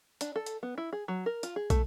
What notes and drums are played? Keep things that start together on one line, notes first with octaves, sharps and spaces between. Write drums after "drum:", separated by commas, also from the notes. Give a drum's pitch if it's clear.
D4, drum: hi-hat
A4
drum: hi-hat
B3
E4
G#4
F#3
A#4
F4, drum: hi-hat
G#4
A3, drum: kick, hi-hat